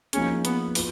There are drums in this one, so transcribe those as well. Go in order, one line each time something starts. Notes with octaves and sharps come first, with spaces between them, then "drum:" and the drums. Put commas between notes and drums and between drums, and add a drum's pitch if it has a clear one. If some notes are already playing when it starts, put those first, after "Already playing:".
F3 A#3 C#4 D#4 G#4, drum: hi-hat
B3, drum: hi-hat
F4 B4, drum: open hi-hat